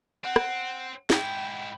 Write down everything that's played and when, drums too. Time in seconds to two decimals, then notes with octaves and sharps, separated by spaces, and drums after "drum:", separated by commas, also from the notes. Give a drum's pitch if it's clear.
0.24 C4 F#5
0.36 drum: rim click
1.10 G#2 E4 G5, drum: snare